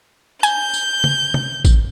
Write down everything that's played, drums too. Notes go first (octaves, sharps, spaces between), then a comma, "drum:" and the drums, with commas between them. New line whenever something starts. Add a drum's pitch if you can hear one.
G#5 G6, drum: tambourine
drum: tambourine
drum: tom C#3
drum: tom C3
drum: kick, tambourine